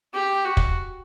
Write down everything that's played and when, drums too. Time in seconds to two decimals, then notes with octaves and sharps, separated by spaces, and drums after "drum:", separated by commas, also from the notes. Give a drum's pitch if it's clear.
0.13 G4
0.45 F#4
0.57 drum: kick